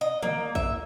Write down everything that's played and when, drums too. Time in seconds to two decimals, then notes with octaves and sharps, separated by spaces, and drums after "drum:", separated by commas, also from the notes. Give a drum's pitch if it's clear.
0.01 D#5
0.23 A#3, drum: tom
0.55 E5, drum: kick A#1